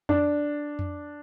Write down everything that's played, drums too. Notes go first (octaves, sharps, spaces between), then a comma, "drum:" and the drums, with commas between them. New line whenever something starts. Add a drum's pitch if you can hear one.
D4, drum: tom F2
drum: tom F2